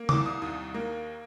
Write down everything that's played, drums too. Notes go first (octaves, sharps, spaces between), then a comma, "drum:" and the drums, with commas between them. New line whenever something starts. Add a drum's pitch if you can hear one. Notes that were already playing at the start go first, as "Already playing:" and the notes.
Already playing: A#3
C2 D6, drum: tom C#3
D#6
D#2 D#6
A#3